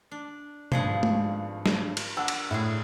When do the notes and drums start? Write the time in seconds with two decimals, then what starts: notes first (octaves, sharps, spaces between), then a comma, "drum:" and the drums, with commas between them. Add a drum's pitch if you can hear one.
0.11 D4
0.72 G#1 G2 F3 G#4 F#5, drum: tom B2
1.03 drum: tom G#3
1.66 drum: snare
1.97 drum: cymbal
2.17 D4 F#5 E6
2.28 drum: cymbal
2.51 A2 F#4 G#4